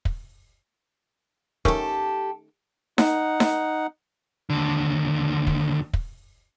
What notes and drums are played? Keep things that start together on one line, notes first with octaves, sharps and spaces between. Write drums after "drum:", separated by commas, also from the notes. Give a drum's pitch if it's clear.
drum: kick
D#3 A3 C#4 G4 A4, drum: kick
D#4 F#5, drum: snare D#4
drum: snare D#4
D#2 D3
drum: kick
drum: kick